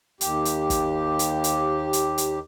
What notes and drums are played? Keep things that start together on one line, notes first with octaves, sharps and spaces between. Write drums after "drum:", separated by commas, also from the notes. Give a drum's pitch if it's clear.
D#2 G4, drum: hi-hat
drum: hi-hat
drum: kick, hi-hat
drum: hi-hat
drum: hi-hat
drum: hi-hat
drum: hi-hat